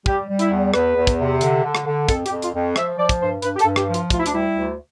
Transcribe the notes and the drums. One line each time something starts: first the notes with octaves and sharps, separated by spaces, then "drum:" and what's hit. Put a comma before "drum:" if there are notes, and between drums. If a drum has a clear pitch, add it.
G3 G4, drum: kick
G3
E4, drum: hi-hat
E2
E2 B4, drum: rim click
E2
drum: kick, hi-hat
C3
D3, drum: hi-hat
D3
drum: rim click
D3
F2 A4, drum: kick, hi-hat
G4, drum: hi-hat
F2
F4, drum: hi-hat
F2
F3 E5, drum: rim click
F3 D5
drum: kick, hi-hat
G2 C5
G2 B4, drum: hi-hat
G4
A4, drum: hi-hat
G2
G4, drum: rim click
F3
F4, drum: hi-hat
D2 F4, drum: kick, hi-hat
E4
D4, drum: hi-hat
G3 E4
D2